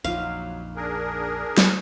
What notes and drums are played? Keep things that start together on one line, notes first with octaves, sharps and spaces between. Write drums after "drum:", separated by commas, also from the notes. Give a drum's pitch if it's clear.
A#1 F2 F#3 D#4 F4 F5
D4 G#4 A#4
drum: snare